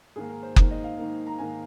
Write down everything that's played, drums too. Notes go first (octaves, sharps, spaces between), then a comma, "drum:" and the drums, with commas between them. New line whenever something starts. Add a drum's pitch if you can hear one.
G#2 D#3 A#3 G#4
A#4
C5
G#2 D#3 A#3, drum: kick F#1
D#5
F5
G#2 D#3 A#3
A#5
G#2 D#3 A#3 G#5